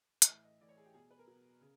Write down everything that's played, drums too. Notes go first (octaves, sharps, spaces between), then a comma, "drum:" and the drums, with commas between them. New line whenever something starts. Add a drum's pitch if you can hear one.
D#5, drum: hi-hat
A2 E3 E5
D#5
A2 E3 D5
C#5
G#4
G4
B2 F#3 G#4
B4
A#4
B2 F#3
C#3